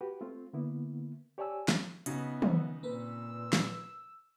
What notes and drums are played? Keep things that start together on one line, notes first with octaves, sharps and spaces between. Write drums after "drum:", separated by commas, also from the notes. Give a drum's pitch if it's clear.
F#4 G4 B4
A3 C4 F4
D3 A#3 B3 E4
G4 C#5 D5 G#5 A5 E6
drum: snare
C#3 B3 D#4 F#4 E5, drum: hi-hat
drum: tom
A#2 A#3 C4 B4 E6
drum: snare